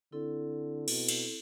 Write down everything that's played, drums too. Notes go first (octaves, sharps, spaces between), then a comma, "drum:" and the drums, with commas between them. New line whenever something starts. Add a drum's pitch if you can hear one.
D3 C4 E4 A4
B2, drum: cymbal
drum: cymbal